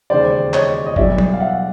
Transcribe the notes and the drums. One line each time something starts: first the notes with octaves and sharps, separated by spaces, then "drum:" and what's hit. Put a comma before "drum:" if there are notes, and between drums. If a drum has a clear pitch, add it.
E1 D#2 C#3 C5 D5
C#5 D#5, drum: clap
D#5
B1 B2 G3 D5 E5, drum: kick G1
drum: tom
F5
E5 F#5